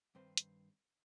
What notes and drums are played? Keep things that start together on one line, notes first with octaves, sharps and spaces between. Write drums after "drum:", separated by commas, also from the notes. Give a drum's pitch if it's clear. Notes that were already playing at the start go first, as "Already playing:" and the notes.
G2 D#3 C4 B4 C5
drum: hi-hat